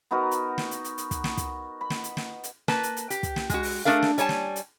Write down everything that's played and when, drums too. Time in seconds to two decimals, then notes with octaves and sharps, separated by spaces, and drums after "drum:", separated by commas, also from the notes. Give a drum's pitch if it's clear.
0.11 B3 D#4 F#4 A#4
0.31 drum: hi-hat
0.58 drum: snare
0.71 drum: hi-hat
0.84 drum: hi-hat
0.98 drum: hi-hat
1.11 drum: kick, hi-hat
1.24 drum: snare
1.37 drum: kick, hi-hat
1.81 B5
1.90 drum: snare
2.04 drum: hi-hat
2.17 drum: snare
2.43 drum: hi-hat
2.68 A#3 B4 A5, drum: snare
2.83 drum: hi-hat
2.97 drum: hi-hat
3.10 G4, drum: hi-hat
3.23 drum: kick, hi-hat
3.36 drum: snare
3.50 G#3 F#4, drum: kick, hi-hat
3.63 drum: open hi-hat
3.85 A3 D4 G#4 A#4 F5
4.03 drum: snare
4.18 G3 C#5 G#5 A5, drum: hi-hat
4.29 drum: snare
4.56 drum: hi-hat